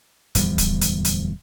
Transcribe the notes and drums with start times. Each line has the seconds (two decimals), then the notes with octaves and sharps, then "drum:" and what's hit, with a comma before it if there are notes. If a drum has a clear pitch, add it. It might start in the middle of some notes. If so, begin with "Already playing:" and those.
0.35 D1 E2 F3 G3, drum: hi-hat
0.58 drum: kick D1, hi-hat
0.81 drum: hi-hat
1.05 drum: hi-hat